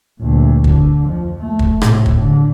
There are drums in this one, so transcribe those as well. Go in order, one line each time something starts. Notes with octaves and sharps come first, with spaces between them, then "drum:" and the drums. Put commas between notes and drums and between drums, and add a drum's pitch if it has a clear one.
D2 A#2
D3, drum: kick
F2 F3
A3
drum: kick
A2 C3, drum: rim click
drum: kick
D3